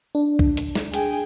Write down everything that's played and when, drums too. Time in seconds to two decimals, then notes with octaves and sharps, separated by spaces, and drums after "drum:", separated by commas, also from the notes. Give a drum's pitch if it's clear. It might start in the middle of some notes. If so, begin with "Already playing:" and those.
0.15 D4
0.39 drum: kick B1
0.57 drum: hi-hat
0.75 drum: snare
0.94 G#4 G5, drum: hi-hat